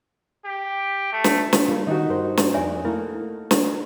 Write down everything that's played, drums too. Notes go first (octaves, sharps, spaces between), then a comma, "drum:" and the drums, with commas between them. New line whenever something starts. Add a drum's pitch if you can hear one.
G4
A3
drum: snare
drum: snare
G3 A#3 F4
D#3 D#4 F#4
G2 A#4 C5
drum: snare
F2 C#5 D5 E5 G#5
A3 A#3 E4
drum: snare